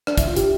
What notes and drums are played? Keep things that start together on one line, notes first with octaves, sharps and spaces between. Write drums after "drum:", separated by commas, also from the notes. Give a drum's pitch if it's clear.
D4, drum: rim click
E4, drum: kick, hi-hat
F4
G4, drum: hi-hat